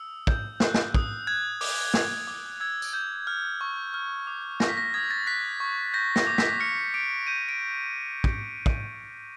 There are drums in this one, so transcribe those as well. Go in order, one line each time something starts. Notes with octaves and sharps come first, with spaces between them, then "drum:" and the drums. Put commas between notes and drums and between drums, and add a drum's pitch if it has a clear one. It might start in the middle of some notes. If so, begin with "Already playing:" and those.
Already playing: D#6 E6
G6, drum: kick
F#6, drum: snare
drum: snare
D#6, drum: kick
F#6 G#6
D6, drum: open hi-hat
G6, drum: snare
D6
E6 G#6
drum: tambourine
G6
F6
C#6
F6
D6
G6 A#6, drum: snare
B6
A#6
D#6 G#6
A6
F#6 B6
C#6
G6 A#6
A#6, drum: snare
D6
B6, drum: snare
F6 C#7
D6 D7
G6 D#7
D7
drum: kick
drum: kick